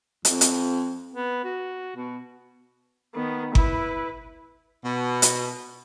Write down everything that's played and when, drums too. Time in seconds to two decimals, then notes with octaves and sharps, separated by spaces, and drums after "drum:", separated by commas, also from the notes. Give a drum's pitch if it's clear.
0.25 F2, drum: hi-hat
0.41 drum: hi-hat
1.14 B3
1.44 F#4
1.96 B2
3.15 D#3 B3
3.55 E4 B4, drum: kick G1
4.84 B2
5.22 drum: hi-hat